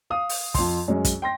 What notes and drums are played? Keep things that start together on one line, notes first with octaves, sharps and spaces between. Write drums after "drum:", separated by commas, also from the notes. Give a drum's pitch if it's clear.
F5 D#6
drum: open hi-hat
F2 C6, drum: kick, open hi-hat
F#2 G#3 C#4
drum: kick, hi-hat
G5 C6 A#6